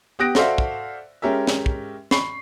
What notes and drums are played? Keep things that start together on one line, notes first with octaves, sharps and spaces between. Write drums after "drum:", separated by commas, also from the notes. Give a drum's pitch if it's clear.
B3 G4 D#6 F#6 A#6 D7
F#4 A4 C5 D5 E5 F5, drum: snare
drum: kick
G#3 C#4 G4 A#4 E5
drum: snare
drum: kick
B5 C#6 C7, drum: snare